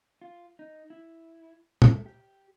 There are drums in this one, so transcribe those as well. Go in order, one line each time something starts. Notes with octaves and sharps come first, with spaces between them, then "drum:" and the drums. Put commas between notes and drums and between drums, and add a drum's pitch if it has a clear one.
F4
D#4
E4
A3, drum: tom
G4